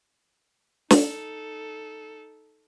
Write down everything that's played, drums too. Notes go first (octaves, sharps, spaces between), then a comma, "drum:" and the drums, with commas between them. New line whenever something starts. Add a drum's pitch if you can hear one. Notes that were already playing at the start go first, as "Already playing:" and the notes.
D#4 A4, drum: snare